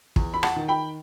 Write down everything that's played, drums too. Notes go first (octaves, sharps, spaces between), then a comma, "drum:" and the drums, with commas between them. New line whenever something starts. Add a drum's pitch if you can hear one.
E2, drum: kick
B5
F#5 A5, drum: rim click
D#3
G5 B5